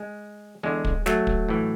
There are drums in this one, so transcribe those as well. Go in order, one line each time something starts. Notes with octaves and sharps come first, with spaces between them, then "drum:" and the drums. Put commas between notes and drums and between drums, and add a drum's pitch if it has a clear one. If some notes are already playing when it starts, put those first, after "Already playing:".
Already playing: G#3
E2 D3 G#3
drum: kick
F#3 A3, drum: snare
drum: kick
A2 E3